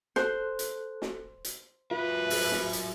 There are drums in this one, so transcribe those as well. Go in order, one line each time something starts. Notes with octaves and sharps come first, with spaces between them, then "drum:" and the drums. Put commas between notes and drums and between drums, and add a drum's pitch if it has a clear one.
A4 C5 F#6, drum: snare
drum: hi-hat
drum: snare
drum: hi-hat
F#3 F4 B4 E5
drum: open hi-hat
drum: snare
drum: hi-hat